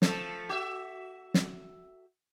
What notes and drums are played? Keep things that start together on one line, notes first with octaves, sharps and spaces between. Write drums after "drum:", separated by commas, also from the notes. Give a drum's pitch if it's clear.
F3 A3 A4, drum: snare
F#4 E5
drum: snare